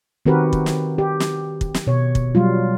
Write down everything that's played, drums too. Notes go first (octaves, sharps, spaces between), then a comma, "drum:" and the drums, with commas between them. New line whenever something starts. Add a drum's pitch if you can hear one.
D#3 C4 F#4 G4 A#4 B4
drum: kick
drum: snare
G4
drum: snare
drum: kick
drum: snare
B2 C#5
drum: kick
F#3 G3 F4